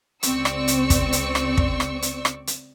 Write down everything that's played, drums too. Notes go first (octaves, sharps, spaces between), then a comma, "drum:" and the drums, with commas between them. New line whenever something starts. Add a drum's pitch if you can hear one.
C#2 C4 D5 C#6 E6, drum: hi-hat
drum: rim click
drum: hi-hat
drum: kick, hi-hat
drum: hi-hat
drum: rim click
drum: kick
drum: rim click
drum: hi-hat
drum: rim click
drum: hi-hat